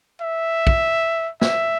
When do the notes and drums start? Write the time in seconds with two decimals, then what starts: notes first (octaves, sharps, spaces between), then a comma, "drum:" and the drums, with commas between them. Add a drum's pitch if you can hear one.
0.22 E5
0.67 drum: kick
1.41 E5, drum: snare